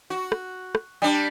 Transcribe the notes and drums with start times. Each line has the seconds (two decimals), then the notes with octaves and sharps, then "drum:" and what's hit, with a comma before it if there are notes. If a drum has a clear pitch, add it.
0.10 F#4
0.32 drum: rim click
0.75 drum: rim click
1.02 G3 D4